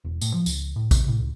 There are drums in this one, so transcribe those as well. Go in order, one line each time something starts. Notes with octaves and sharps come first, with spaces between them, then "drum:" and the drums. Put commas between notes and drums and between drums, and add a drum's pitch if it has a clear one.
E1
A2, drum: tambourine
F3
C#2, drum: tambourine
A2
C3, drum: kick, tambourine
A2
C#2